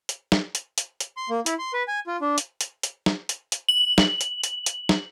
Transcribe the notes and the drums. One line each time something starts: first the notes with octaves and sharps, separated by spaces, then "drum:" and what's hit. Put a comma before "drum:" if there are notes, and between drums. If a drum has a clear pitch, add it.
drum: hi-hat
drum: snare
drum: hi-hat
drum: hi-hat
drum: hi-hat
C6
A#3
E4, drum: hi-hat
C6
B4
G#5
F4
D4
drum: hi-hat
drum: hi-hat
drum: hi-hat
drum: snare
drum: hi-hat
drum: hi-hat
F#7
drum: snare
drum: hi-hat
drum: hi-hat
drum: hi-hat
drum: snare